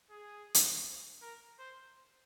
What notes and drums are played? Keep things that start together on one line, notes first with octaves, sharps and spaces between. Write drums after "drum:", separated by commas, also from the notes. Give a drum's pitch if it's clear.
G#4
drum: hi-hat
A#4
C5